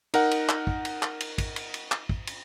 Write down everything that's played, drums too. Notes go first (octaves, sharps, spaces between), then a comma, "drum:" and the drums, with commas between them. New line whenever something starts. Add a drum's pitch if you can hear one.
D#4 A#4 F#5, drum: cymbal
drum: cymbal
drum: clap
drum: kick
drum: cymbal
drum: clap
drum: cymbal
drum: kick, cymbal
drum: cymbal
drum: cymbal
drum: clap
drum: kick
drum: cymbal